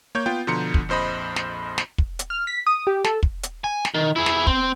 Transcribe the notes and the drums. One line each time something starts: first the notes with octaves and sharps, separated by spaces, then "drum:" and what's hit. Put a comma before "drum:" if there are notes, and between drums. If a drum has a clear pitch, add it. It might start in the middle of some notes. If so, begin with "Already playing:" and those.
A#3 C#5 G6
B3 F4 G5
B2 D3 F3 A#5 C6 C#7
drum: kick
A#1 F2 C5 D#5 B5
drum: snare
drum: snare
drum: kick
drum: hi-hat
F6
B6
D#6
G4
A4, drum: snare
drum: kick
drum: hi-hat
G#5
drum: snare
D#3
E4 G#4
drum: snare
C4, drum: kick